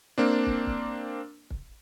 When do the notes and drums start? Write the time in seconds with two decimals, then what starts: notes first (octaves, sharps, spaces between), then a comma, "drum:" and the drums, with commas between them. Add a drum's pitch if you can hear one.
0.18 A#3 C4 D4
0.46 drum: kick
0.66 drum: kick
1.50 drum: kick